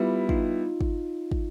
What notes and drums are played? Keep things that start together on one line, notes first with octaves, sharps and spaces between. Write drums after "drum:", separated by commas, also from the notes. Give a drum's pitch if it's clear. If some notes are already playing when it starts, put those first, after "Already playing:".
Already playing: G3 B3 E4 F4 G4
D#4 F4, drum: kick
drum: kick
drum: kick